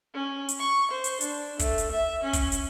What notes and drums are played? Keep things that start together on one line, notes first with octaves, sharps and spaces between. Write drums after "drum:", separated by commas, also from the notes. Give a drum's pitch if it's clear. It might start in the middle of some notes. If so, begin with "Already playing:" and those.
C#4
drum: hi-hat
C#6
C5
drum: hi-hat
D4, drum: hi-hat
A3, drum: kick, hi-hat
drum: hi-hat
E5
C#4
drum: kick, hi-hat
drum: hi-hat